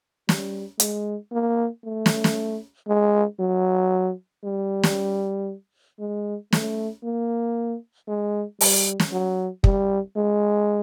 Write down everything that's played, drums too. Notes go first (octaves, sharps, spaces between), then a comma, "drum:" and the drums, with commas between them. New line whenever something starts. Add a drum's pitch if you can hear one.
G3, drum: snare
G#3, drum: hi-hat
A#3
A3
drum: snare
drum: snare
G#3
F#3
G3
drum: snare
G#3
A3, drum: snare
A#3
G#3
G3, drum: open hi-hat
drum: snare
F#3
G3, drum: kick
G#3